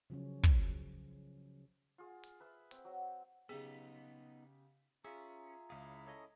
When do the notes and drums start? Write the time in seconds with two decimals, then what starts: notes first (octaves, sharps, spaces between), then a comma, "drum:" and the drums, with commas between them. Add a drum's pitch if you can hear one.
0.10 C#3 F3 F#3 C#4
0.43 drum: kick
1.98 F4 G#4
2.24 drum: hi-hat
2.40 B4 E5
2.71 C4, drum: hi-hat
2.85 F#3
3.49 C#3 B3 D#4 G4 G#4 B6
5.04 C#4 F4 G#4 E5 A#5
5.70 C#2 C#4 E4 G#4 F5
6.07 A4 C#5 D#5